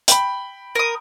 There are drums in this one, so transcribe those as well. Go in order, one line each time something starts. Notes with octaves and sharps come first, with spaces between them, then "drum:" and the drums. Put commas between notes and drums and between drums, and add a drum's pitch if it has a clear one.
G5 B5, drum: hi-hat
A#4 D#6